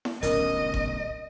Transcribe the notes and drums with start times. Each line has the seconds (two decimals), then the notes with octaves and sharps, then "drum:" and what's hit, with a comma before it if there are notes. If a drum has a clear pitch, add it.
0.05 drum: snare E4
0.23 D1 B1 C#4 A#4 D#5, drum: hi-hat
0.74 drum: kick G1